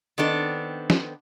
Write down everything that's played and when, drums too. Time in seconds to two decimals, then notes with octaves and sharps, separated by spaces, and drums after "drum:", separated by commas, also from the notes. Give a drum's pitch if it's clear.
0.18 D#3 B3 C4 D4 A4
0.90 drum: snare